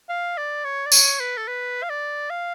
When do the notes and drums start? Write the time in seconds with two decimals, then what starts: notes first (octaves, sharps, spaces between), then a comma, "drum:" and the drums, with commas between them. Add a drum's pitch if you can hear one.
0.09 F5
0.37 D5
0.64 C#5
0.86 D5
0.92 C#5, drum: tambourine
1.20 B4
1.37 A4
1.47 B4
1.83 F5
1.90 D5
2.30 F5